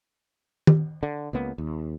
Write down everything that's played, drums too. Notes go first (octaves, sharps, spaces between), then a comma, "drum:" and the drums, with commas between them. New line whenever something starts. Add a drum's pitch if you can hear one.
drum: tom D#3
D3
C#2 A#3 B3
D#2